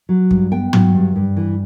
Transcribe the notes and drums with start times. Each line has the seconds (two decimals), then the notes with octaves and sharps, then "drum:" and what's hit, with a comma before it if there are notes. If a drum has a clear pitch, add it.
0.09 F#3
0.31 G2, drum: kick
0.52 B3 G5
0.73 F#3, drum: tom
0.95 G2
1.16 G2
1.37 E3